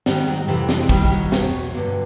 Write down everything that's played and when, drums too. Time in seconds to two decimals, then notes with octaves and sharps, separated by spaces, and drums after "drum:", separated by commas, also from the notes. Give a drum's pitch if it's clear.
0.06 G#2 D#3 G3, drum: snare
0.28 F#3
0.48 F2 C3 E3 G3
0.69 G#3, drum: snare
0.89 F#2 D#3 G3, drum: kick
1.12 F#3
1.32 E2 B2, drum: snare
1.74 G2 D3